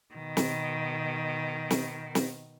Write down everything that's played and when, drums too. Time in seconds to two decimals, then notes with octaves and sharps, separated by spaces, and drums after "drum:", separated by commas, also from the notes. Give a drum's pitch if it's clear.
0.14 B2 D#3
0.37 drum: snare
1.70 drum: snare
2.15 drum: snare